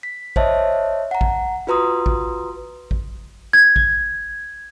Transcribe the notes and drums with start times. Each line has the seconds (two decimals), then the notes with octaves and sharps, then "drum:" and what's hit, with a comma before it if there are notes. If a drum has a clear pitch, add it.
0.03 B6
0.36 C5 C#5 D#5 E5 A5, drum: kick A1
1.11 F#5 A#5
1.21 drum: kick A1
1.67 F4 F#4 B4 A#5 C6 D#6
2.06 drum: kick A1
2.91 drum: kick A1
3.53 G#6
3.76 drum: kick A1